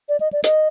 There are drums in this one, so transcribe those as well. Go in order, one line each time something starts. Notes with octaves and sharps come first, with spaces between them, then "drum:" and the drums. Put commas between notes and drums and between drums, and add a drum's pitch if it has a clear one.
D5
D#5
D5
D#5, drum: hi-hat